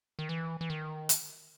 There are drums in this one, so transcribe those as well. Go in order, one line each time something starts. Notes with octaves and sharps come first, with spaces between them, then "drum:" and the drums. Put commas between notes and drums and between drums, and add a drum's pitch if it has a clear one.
D#3
E3
E3
D#3
drum: hi-hat